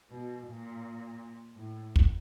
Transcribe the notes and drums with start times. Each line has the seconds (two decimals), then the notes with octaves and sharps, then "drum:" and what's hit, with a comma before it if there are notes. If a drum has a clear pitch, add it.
0.10 B2
0.47 A#2
1.56 A2
1.96 drum: kick